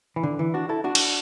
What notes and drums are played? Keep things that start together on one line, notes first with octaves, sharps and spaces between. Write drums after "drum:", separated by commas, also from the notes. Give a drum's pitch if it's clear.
E3
D3
E3
D4 F#4
E4 A4
D4 F#4
drum: cymbal